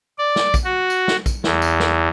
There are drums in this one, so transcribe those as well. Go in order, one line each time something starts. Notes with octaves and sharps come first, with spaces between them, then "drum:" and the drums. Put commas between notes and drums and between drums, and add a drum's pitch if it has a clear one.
D5
drum: snare
drum: kick, tambourine
F#4
drum: tambourine
drum: snare
drum: kick, tambourine
E2, drum: snare
drum: tambourine
drum: snare